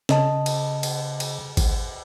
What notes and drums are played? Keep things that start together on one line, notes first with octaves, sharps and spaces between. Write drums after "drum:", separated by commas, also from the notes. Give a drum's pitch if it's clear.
C#3 D#5 A5, drum: snare
drum: cymbal
drum: cymbal
drum: cymbal
drum: kick G#1, cymbal